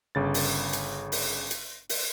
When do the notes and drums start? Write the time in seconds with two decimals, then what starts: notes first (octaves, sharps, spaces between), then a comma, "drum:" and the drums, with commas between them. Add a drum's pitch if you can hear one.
0.15 G1 C#3 A6
0.34 drum: open hi-hat
0.73 drum: hi-hat
1.12 drum: open hi-hat
1.51 drum: hi-hat
1.89 drum: open hi-hat